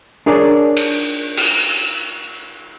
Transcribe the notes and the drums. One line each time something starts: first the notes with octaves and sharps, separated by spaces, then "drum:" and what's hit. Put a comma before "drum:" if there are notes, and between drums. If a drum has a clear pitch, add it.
D4 G#4 A#4 C#5 D5
drum: cymbal
drum: cymbal